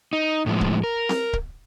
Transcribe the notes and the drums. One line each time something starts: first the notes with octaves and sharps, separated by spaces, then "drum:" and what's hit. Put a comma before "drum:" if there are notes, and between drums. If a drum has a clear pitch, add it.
D#4
A2 F3 G#3
drum: kick C#1
A#4
drum: snare C4
drum: kick C#1